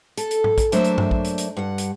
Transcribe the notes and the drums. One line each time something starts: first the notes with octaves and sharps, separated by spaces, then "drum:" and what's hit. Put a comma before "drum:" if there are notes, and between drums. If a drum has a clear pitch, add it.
A4, drum: hi-hat
drum: hi-hat
drum: tom G#2
drum: kick A#1, hi-hat
F#3 A3 A#3 D4 C5 E5, drum: hi-hat
drum: hi-hat
drum: tom G2
drum: kick A#1
drum: hi-hat
drum: hi-hat
G2 F#5
drum: hi-hat